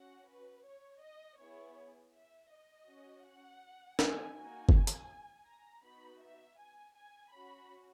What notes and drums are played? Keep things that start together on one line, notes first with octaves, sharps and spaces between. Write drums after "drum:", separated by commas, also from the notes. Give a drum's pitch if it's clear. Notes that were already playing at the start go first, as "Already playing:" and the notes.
Already playing: C#4 F#4 F#5
B4
C#5
D#5
B3 E4 G#4 C#5
E5
D#5
C#4 F#4
F#5
G#5, drum: snare
A#3 D#4 F#4 G#5
drum: kick F#1
drum: hi-hat
A#5
B3 D#4 F#4 B5
E5
G#5
G#5
C#4 F#4 B5